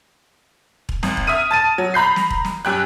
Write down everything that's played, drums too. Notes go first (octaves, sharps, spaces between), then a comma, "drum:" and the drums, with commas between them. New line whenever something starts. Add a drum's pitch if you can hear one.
drum: kick E1
G#1, drum: snare
drum: kick E1
E5 D#6 F6 D#7
A5 A6 D#7
F#3
A#5 B5 G6 C7
drum: snare
drum: kick E1
drum: snare
F#2 G4 F#6